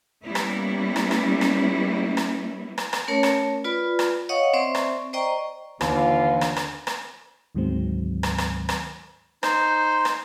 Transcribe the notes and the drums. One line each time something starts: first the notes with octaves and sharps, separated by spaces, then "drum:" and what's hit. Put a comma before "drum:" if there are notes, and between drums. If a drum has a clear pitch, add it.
G3 A#3 B3 C#4 E4
drum: rim click
drum: rim click
drum: rim click
drum: rim click
drum: rim click
drum: rim click
drum: rim click
A3 C#4 A#4 C#5 A5
drum: rim click
F4 B4 D5 B5
drum: rim click
C#5 D#5 F5 F#5 C#6 D#6
C4 C5 D5 E5 C#6
drum: rim click
C5 D5 D#5 G5 A#5 C#6
D#2 D3 E3 F4, drum: rim click
drum: rim click
drum: rim click
drum: rim click
D2 G#2 D#3 F#3 G#3 C4
drum: rim click
drum: rim click
drum: rim click
D#4 C5, drum: rim click
drum: rim click